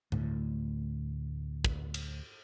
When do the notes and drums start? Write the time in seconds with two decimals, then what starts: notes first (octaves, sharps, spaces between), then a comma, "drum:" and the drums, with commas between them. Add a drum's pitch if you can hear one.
0.12 D2 A2, drum: tom G2
1.65 drum: kick
1.94 drum: cymbal